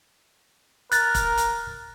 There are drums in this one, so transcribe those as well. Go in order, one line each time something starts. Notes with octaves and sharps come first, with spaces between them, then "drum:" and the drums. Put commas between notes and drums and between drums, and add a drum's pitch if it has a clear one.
A#4 F#6 A6, drum: hi-hat
drum: kick, hi-hat
drum: hi-hat